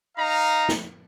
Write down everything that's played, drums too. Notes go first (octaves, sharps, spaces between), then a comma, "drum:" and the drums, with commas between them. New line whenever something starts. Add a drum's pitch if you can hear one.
D#4 F5 A#5
drum: snare